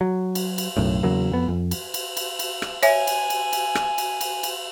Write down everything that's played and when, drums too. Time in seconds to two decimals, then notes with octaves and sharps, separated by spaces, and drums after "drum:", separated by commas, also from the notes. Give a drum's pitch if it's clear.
0.01 F#3
0.35 drum: cymbal
0.58 drum: cymbal
0.77 B1 F#2 A2
1.03 E2 C#3 F#3 A#3
1.31 F2 B3
1.48 F2
1.71 drum: cymbal
1.94 drum: cymbal
2.17 drum: cymbal
2.39 drum: cymbal
2.62 drum: rim click
2.83 C#5 E5 G#5, drum: cymbal
3.07 drum: cymbal
3.30 drum: cymbal
3.53 drum: cymbal
3.75 drum: rim click
3.98 drum: cymbal
4.21 drum: cymbal
4.43 drum: cymbal